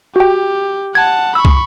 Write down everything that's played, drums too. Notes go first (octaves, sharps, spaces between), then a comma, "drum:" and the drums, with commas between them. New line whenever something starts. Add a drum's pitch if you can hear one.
F#4 G4 G5
F#5 A5 G#6
B5 C#6 E6
drum: kick